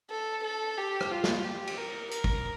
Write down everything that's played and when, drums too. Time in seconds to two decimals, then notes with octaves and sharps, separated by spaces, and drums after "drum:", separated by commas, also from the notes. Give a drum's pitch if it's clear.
0.10 A4
0.44 A4
0.78 G4
1.00 drum: rim click
1.11 F4
1.24 drum: snare
1.44 G4
1.67 drum: cymbal
1.77 A#4
2.11 A#4, drum: hi-hat
2.24 drum: kick